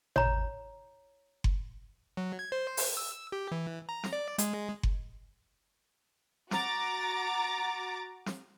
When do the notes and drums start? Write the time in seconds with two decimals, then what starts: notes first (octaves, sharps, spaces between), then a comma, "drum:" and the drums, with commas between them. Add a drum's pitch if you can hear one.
0.16 C#5 A#5, drum: tom G#1
1.44 drum: kick F#1
2.17 F#3
2.39 G#6
2.52 C5
2.77 drum: open hi-hat
2.97 E6
3.32 G4
3.52 E3
3.89 A#5
4.04 drum: snare
4.13 D5
4.38 G#3, drum: hi-hat
4.83 drum: kick F#1
6.51 F#4 A#5 D6 A6, drum: snare
8.26 drum: snare